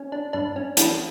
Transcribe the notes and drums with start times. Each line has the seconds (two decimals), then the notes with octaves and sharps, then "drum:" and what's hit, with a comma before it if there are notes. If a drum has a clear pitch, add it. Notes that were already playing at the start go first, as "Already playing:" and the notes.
Already playing: C#4
0.12 D4
0.33 G2 D4
0.56 C#4
0.77 E3 D4, drum: hi-hat